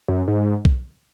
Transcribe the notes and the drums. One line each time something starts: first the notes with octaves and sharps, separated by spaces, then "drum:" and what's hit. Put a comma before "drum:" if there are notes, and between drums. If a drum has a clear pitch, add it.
F#2
G#2
drum: kick